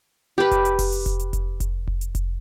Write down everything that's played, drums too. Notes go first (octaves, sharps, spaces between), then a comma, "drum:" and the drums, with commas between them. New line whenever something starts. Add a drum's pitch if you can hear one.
G4 B4
drum: kick F1, hi-hat
drum: hi-hat
drum: kick F1, open hi-hat
drum: hi-hat
drum: kick F1, hi-hat
drum: hi-hat
drum: kick F1, hi-hat
drum: kick F1, hi-hat
drum: kick F1
drum: hi-hat
drum: kick F1, hi-hat